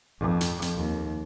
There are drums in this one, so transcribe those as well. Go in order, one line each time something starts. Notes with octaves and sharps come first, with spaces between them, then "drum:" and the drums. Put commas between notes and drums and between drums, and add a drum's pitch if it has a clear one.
F2
drum: hi-hat
drum: hi-hat
D#2